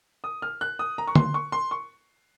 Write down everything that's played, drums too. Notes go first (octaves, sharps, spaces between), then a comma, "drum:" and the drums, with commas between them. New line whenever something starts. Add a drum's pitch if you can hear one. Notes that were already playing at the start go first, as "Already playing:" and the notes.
D#6
F6
F#6
D#6
A#5
C#6
C6, drum: tom
C#6
C6
C#6